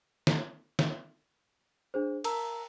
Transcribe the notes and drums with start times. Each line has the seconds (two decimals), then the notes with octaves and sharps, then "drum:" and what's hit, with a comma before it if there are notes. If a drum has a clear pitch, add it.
0.27 drum: snare
0.79 drum: snare
1.94 D4 G#4 C5
2.24 A#4 A5 A#5 E6, drum: cymbal